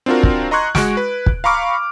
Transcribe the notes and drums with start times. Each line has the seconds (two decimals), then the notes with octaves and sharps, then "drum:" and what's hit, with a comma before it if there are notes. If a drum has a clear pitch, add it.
0.06 C4 D4 F4 F#4 A#4
0.23 drum: kick
0.51 D#5 A#5 C6 C#6 F#6 G#6
0.75 G#3 F#4 C#6 D7, drum: snare
0.97 B4
1.26 drum: kick
1.44 F5 A#5 B5 C#6 D6 F6